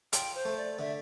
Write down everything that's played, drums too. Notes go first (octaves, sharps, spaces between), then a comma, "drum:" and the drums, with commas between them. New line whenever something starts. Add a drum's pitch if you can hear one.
F4 G5, drum: hi-hat
C5
A3
D5
D3 E5